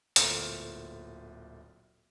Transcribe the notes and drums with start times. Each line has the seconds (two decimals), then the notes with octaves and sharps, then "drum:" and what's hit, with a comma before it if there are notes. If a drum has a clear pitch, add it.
0.16 D1 G1 A#2 A3 C5 F6, drum: hi-hat